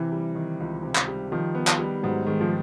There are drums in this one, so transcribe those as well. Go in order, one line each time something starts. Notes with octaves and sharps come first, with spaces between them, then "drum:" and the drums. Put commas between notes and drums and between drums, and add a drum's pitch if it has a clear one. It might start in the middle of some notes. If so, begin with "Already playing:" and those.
Already playing: C3 E3
G3
D#3
C#2
C3
drum: clap
G3
D#3 F3
B3
drum: clap
G3
G#2 F#3
D#3 G#3
F3